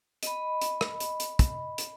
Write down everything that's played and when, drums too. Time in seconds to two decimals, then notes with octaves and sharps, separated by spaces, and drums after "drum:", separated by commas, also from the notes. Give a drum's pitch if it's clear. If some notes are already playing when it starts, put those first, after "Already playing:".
0.23 D#5 B5, drum: hi-hat
0.61 drum: hi-hat
0.81 drum: rim click
1.00 drum: hi-hat
1.20 drum: hi-hat
1.39 drum: kick, hi-hat
1.78 drum: hi-hat